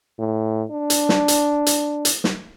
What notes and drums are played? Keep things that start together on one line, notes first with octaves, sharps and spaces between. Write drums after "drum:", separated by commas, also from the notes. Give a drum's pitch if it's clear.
A2
D4
drum: hi-hat
drum: snare
drum: hi-hat
drum: hi-hat
drum: hi-hat
drum: snare